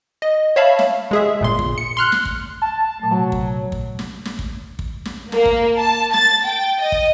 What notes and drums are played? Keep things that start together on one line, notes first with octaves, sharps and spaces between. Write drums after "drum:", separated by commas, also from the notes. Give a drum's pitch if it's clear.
D#5
C#5 E5 F5 A5 B5
drum: snare
G#3 G#4 E5
G1 A#2 C6
drum: kick
C#7
C6 F6 F#6
drum: snare
drum: kick
A5
A#2 F#3 A3
C3 F#3
drum: kick
drum: kick
drum: snare
drum: snare
drum: kick
drum: kick
drum: snare
A#3, drum: snare
drum: kick
A5
A6, drum: snare
G5
D#5
drum: kick